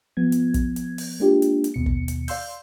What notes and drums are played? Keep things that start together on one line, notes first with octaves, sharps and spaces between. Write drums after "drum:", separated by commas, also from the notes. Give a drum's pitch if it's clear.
F3 B3 G#6
drum: hi-hat
drum: kick, hi-hat
drum: hi-hat
drum: open hi-hat
G#3 A#3 D4 F4 G4
drum: hi-hat
drum: hi-hat
D#2 B2 C#7
drum: kick
drum: hi-hat
D5 F5 C6 E6 G6, drum: open hi-hat